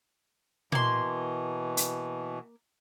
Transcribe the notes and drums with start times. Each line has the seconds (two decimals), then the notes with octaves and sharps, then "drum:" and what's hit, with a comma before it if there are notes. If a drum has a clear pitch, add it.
0.72 B2 E3 A#3 C6, drum: tom A#2
1.77 drum: hi-hat